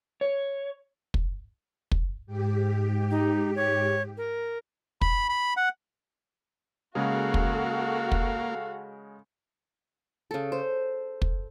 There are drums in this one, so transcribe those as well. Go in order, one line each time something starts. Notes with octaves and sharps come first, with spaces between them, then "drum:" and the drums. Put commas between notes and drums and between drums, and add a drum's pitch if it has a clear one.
C#5
drum: kick
drum: kick
G#2 G4
D#4
C#5
A#4
B5, drum: kick
B5
F#5
C#3 G#3 A#3 F#4 G#4 A4 F5
drum: kick
drum: kick
C#3 A4
C5
drum: kick